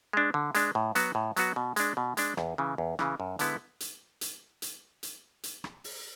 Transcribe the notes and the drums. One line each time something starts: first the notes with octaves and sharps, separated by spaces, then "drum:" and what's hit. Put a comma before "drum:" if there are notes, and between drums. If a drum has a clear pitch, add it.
G#3 D4
D3
G#3 D4, drum: hi-hat
A2
F#3 B3 F#4, drum: hi-hat
A2
F#3 B3 F#4, drum: hi-hat
B2
G#3 D4, drum: hi-hat
B2
G#3 D4, drum: hi-hat
E2, drum: rim click
C#3 E3
E2
C#3 E3, drum: rim click
F#2
D3 G#3 B3 E4, drum: hi-hat
drum: hi-hat
drum: hi-hat
drum: hi-hat
drum: hi-hat
drum: hi-hat
drum: rim click
drum: open hi-hat